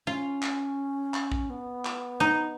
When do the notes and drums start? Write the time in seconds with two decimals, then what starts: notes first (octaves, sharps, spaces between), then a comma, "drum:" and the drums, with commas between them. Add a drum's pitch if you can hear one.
0.07 C#4 F4
0.42 drum: clap
1.14 drum: clap
1.32 drum: kick
1.50 B3
1.85 drum: clap
2.20 D#4